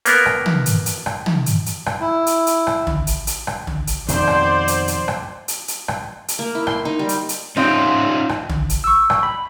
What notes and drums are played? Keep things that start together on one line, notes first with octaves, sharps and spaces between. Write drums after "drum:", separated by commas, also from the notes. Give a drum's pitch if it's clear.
A#3 B3 A#4, drum: hi-hat
drum: rim click
drum: tom
drum: hi-hat
drum: hi-hat
drum: rim click
drum: tom
drum: hi-hat
drum: hi-hat
drum: rim click
E4
drum: hi-hat
drum: hi-hat
drum: rim click
drum: tom
drum: hi-hat
drum: hi-hat
drum: rim click
drum: tom
drum: hi-hat
F2 B2 D#3 C5 D5, drum: hi-hat
drum: rim click
drum: hi-hat
drum: hi-hat
drum: rim click
drum: hi-hat
drum: hi-hat
drum: rim click
drum: hi-hat
A#3
E4
C6, drum: rim click
D#4
G3
drum: hi-hat
drum: hi-hat
C4 C#4 D#4 F4 D#5
drum: rim click
drum: tom
drum: hi-hat
C#6 E6
drum: rim click
B5